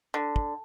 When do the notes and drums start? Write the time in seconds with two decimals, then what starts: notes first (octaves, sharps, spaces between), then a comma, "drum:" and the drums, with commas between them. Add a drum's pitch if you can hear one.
0.14 D3
0.36 drum: kick